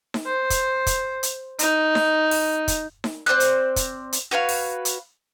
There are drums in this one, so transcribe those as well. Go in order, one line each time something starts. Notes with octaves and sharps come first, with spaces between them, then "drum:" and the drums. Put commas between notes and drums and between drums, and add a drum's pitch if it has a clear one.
drum: snare D#4
C5
drum: kick, hi-hat
drum: kick, hi-hat
drum: hi-hat
D#4, drum: hi-hat
drum: snare D#4
drum: open hi-hat
drum: kick, hi-hat
drum: snare D#4
C4 C5 D5 F#6
drum: hi-hat
drum: kick, hi-hat
drum: hi-hat
F#4 B4 C#5 F5
drum: open hi-hat
drum: hi-hat